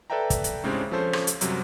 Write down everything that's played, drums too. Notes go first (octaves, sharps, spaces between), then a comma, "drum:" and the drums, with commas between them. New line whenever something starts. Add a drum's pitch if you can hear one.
A4 B4 D5 E5 G5 A#5
drum: kick, hi-hat
drum: hi-hat
A2 C#3 G#3 C4 D4 G4
F3 C#4 A4 C5
drum: rim click
drum: hi-hat
F#2 C3 F#3 G3, drum: hi-hat